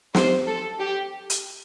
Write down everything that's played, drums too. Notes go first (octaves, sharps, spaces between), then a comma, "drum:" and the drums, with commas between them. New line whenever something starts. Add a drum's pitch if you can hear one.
C5, drum: snare
A4
G4
drum: hi-hat